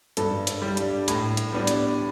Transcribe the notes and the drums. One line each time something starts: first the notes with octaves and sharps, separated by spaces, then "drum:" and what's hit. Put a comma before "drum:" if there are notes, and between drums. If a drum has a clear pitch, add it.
G2 A4, drum: hi-hat
drum: hi-hat
G3 D4
drum: hi-hat
A2, drum: hi-hat
drum: hi-hat
G3 B3 D4
drum: hi-hat